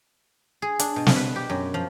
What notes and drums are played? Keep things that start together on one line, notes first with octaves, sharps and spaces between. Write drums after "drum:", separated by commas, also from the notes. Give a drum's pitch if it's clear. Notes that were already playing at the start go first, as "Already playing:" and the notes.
G#4
D4, drum: hi-hat
B2
drum: snare
B4
G4
F#2
F3